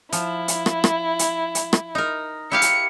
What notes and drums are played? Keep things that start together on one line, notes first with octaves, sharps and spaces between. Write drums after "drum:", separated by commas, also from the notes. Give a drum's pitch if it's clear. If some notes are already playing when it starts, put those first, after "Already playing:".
F3 E4, drum: hi-hat
drum: hi-hat
drum: rim click
drum: rim click
drum: hi-hat
drum: hi-hat
drum: rim click
D#4 A#4
E4 G4 F5 C#7
drum: hi-hat